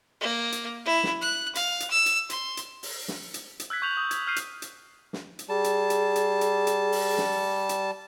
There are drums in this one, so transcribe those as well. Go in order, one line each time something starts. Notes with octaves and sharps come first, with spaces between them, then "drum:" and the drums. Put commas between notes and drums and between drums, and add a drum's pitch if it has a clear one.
A#3
drum: hi-hat
E4
drum: snare
F#6
F5, drum: hi-hat
drum: hi-hat
E6
drum: hi-hat
C6, drum: hi-hat
drum: hi-hat
drum: open hi-hat
drum: snare
drum: hi-hat
drum: hi-hat
E6 F#6 G#6 B6
C#6 G6 F7 F#7
D#6
G#6, drum: hi-hat
F6 G6 C7 D#7
drum: hi-hat
drum: hi-hat
drum: snare
drum: hi-hat
G3 G#4 A5
drum: hi-hat
drum: hi-hat
drum: hi-hat
drum: hi-hat
drum: hi-hat
drum: open hi-hat
drum: snare
drum: hi-hat